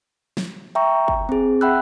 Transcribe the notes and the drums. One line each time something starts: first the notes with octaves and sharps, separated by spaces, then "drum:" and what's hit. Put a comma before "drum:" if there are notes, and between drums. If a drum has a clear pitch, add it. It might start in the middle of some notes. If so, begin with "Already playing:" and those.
drum: snare
E5 G5 A#5 C#6
drum: kick
C4 G#4
E5 F#5 G5 B5 E6 F#6